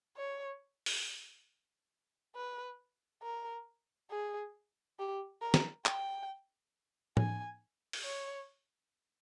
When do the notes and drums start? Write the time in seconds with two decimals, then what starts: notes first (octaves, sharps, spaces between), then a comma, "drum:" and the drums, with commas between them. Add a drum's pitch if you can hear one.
0.17 C#5
0.86 drum: open hi-hat
2.36 B4
3.22 A#4
4.11 G#4
4.99 G4
5.42 A#4
5.54 drum: snare
5.86 G5, drum: clap
7.17 G#5, drum: tom A2
7.93 drum: open hi-hat
8.04 C#5